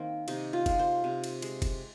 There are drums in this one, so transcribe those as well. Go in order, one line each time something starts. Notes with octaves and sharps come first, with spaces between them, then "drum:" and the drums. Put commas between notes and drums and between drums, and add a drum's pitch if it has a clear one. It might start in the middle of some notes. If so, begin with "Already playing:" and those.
Already playing: D#3 A#3 C4
C3 D#4, drum: cymbal
F4
G#3, drum: kick, cymbal
C5
C3
drum: cymbal
G#3, drum: cymbal
drum: kick, cymbal